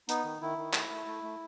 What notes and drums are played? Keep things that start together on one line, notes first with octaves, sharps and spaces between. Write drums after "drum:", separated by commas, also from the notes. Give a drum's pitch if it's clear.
B3 D#4, drum: hi-hat
D#3
D#3 E4
D#3
A3, drum: clap
A3
A3
A3